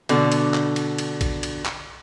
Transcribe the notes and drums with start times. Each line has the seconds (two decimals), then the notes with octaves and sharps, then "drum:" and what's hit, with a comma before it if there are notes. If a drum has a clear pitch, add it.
0.09 B2 D3, drum: cymbal
0.32 drum: cymbal
0.54 drum: clap
0.76 drum: cymbal
0.98 drum: cymbal
1.21 drum: kick, cymbal
1.43 drum: cymbal
1.65 drum: clap